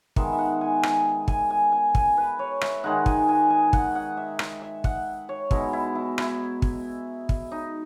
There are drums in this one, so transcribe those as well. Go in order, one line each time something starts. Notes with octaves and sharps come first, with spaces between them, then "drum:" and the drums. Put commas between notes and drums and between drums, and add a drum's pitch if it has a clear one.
D#3 G#3 B3 E5, drum: kick
E5
F#5
G#5
G#5, drum: rim click
G#5, drum: kick
G#5
G#5
G#5, drum: kick
B4
C#5
E5, drum: rim click
D#3 G#3 D#4 F#5
G#5, drum: kick
G#5
G#5
F#5, drum: kick
F#5
E5
E5, drum: rim click
E5
F#5, drum: kick
C#5
B2 G#3 D#4 E4, drum: kick
E4
E4
E4, drum: rim click
drum: kick
drum: kick
D#4